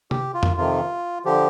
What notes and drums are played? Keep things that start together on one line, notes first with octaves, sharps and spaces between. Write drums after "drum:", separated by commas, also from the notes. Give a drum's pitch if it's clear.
G4, drum: tom
F4
drum: tom F2
F2 C3 D#3 F4
D3 F3 G4